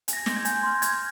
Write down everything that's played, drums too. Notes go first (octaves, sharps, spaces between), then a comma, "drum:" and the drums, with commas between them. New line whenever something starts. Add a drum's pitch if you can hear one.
G#5, drum: hi-hat
A#6
G#6
C6 G6 A#6, drum: snare
G#6
G#5 G6, drum: hi-hat
C6 F6
C6 G#6, drum: hi-hat